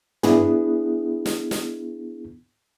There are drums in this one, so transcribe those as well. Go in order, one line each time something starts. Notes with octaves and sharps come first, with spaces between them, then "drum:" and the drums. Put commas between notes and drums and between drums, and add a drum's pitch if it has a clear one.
B3 D4 E4 G#4, drum: tom
drum: snare
drum: snare